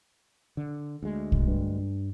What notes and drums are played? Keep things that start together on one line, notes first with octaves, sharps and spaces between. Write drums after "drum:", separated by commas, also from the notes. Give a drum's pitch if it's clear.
D3
D2 G#3
drum: kick
G2